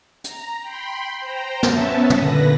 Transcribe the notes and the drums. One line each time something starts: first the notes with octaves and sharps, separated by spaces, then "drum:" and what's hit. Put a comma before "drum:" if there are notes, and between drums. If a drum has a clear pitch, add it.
A#5, drum: hi-hat
G5 B5 C6
C5 G5 A#5
B3 C#4 E5 A5, drum: snare
A#2 D3 B4 A#6, drum: tom